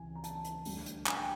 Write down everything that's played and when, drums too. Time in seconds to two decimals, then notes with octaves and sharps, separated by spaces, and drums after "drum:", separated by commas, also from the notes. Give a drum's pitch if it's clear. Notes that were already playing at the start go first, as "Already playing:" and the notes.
Already playing: C#2 C3 E3 G#5
0.15 A#5
0.24 A5, drum: hi-hat
0.44 drum: hi-hat
0.65 D2 D3 G3, drum: open hi-hat
0.86 drum: hi-hat
1.06 G#5, drum: clap
1.17 G5